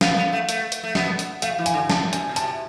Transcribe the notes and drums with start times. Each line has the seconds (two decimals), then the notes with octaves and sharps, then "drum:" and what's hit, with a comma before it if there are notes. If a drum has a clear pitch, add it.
0.01 B3 F5, drum: snare
0.17 B3
0.33 A3
0.49 A3, drum: hi-hat
0.72 drum: hi-hat
0.83 A3
0.95 B3 E5, drum: snare
1.19 drum: hi-hat
1.42 A3 F5, drum: hi-hat
1.58 E3
1.66 G#5, drum: hi-hat
1.74 D3
1.90 C3 A5, drum: snare
2.13 B2 G#5, drum: hi-hat
2.29 B2
2.36 C3 A5, drum: hi-hat